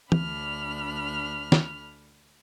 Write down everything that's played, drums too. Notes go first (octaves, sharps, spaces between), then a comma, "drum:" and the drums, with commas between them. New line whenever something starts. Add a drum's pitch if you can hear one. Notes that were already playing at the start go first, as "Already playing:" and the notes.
D2 D4 B5 F6, drum: tom
drum: snare